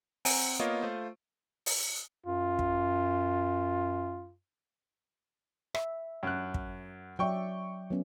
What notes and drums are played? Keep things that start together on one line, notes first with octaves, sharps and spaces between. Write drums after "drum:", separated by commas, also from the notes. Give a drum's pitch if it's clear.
C4 F#5 G#5 A#5 D7 D#7, drum: open hi-hat
A#3 B3 F4 C#5 D#5
A3 F4 C5
drum: open hi-hat
F#2 F4
drum: kick
E5, drum: rim click
F#2 F#6
drum: kick
F#3 D5 E5 G5 C#6
F#3 B3 C#4